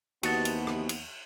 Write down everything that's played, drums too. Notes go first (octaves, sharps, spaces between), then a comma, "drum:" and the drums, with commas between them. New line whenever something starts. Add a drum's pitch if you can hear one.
D#2 C3 E3 B3 F#4 D#5 F#5 A5, drum: cymbal
drum: cymbal
drum: rim click
drum: cymbal